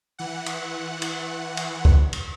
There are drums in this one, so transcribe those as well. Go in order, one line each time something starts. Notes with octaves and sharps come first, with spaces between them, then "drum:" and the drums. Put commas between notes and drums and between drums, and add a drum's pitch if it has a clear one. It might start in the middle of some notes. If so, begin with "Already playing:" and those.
E3 F#5
drum: cymbal
drum: cymbal
drum: cymbal
drum: kick C#2
drum: cymbal